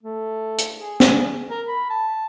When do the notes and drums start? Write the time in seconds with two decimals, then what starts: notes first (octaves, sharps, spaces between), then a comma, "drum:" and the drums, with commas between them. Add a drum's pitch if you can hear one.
0.04 A3
0.58 drum: hi-hat
0.80 G#4
1.00 drum: snare
1.51 A#4
1.68 B5
1.90 A5